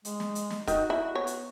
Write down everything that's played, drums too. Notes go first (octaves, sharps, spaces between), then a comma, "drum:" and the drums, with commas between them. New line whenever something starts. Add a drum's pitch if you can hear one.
G#3, drum: hi-hat
drum: snare
drum: hi-hat
drum: snare
D#3 F#4, drum: kick, hi-hat
E4
B3 C#5
drum: hi-hat